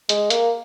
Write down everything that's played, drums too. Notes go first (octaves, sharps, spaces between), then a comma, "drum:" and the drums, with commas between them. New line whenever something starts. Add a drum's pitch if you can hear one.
G#3, drum: hi-hat
A#3, drum: hi-hat